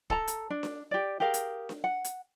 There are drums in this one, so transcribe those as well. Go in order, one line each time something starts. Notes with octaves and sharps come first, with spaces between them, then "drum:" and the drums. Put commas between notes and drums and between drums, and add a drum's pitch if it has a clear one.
A4 A5 A#5, drum: kick
drum: hi-hat
D4
drum: snare D4
G4 D5
G4 G#4 A#4 F5
drum: hi-hat
drum: snare D4
F#5
drum: hi-hat